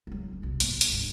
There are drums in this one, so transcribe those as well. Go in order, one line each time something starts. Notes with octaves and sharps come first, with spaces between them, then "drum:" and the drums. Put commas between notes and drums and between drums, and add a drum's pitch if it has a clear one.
C#2 F#3
G1 G#2
B1 C3
G#2 B3, drum: hi-hat
B1
drum: hi-hat
G2 D3